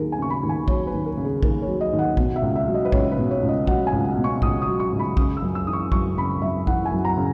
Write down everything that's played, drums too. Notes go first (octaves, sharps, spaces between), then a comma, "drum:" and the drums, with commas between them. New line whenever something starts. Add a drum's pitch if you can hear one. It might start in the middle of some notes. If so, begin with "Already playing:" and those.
Already playing: D#2 F#3 G#4 A#4
G#5
C#3 C#6
B5
D#2
G#5
F#3 C#5, drum: kick
B4
D#2
A#4
C#3
G#4
D#2 A#4, drum: kick
C#5
F#3
D#5
D#2
F#5
B2, drum: kick
E5
C#2
E5
F#3
D#5
B4
C#2 C#5, drum: kick
B4
B2
C#5
C#2
D#5
F#3 F#5, drum: kick
G#5
C#2
B2
C#6
C#2 D#6, drum: kick
D#6
F#3
C#6
C#2
B5
C#3 D#6, drum: kick
E6
F#2
E6
E3 D#6
C#6
F#2 C#6, drum: kick
C#3 B5
F#2 E5
E3 F#5, drum: kick
G#5
F#2
A#5
C#3